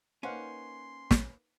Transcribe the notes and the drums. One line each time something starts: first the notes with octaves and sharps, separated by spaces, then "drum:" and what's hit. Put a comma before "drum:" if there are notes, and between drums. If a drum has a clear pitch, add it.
A#3 C#4 D#4 B4 C5 F5 F#5 C6
drum: snare